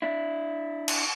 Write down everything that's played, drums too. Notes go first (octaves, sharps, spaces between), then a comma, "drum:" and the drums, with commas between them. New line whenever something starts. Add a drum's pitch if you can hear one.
D4 E4
drum: cymbal